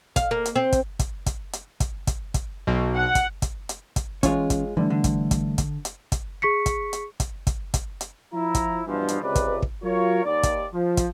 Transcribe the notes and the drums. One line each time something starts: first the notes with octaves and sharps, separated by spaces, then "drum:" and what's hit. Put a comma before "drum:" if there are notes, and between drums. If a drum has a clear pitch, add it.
F5, drum: kick, hi-hat
A#3
drum: hi-hat
C4
drum: kick, hi-hat
drum: kick, hi-hat
drum: kick, hi-hat
drum: hi-hat
drum: kick, hi-hat
drum: kick, hi-hat
drum: kick, hi-hat
B1 B2
F#5
drum: kick, hi-hat
drum: kick, hi-hat
drum: hi-hat
drum: kick, hi-hat
E3 G#3 C#4 F4 C#5, drum: kick, hi-hat
drum: kick, hi-hat
D3 E3 G3 A3
D3
drum: kick, hi-hat
drum: kick, hi-hat
drum: kick, hi-hat
drum: hi-hat
drum: kick, hi-hat
G#4 C#6 B6 C#7
drum: kick, hi-hat
drum: hi-hat
drum: kick, hi-hat
drum: kick, hi-hat
drum: kick, hi-hat
drum: hi-hat
F3 E4 A#5
drum: kick, hi-hat
G2 B2 E3 F3
drum: hi-hat
C#2 C3 B4 D5
drum: kick, hi-hat
drum: kick
F#3 F4 A#4 C#5
D#2 D5
drum: kick, hi-hat
F3
drum: kick, hi-hat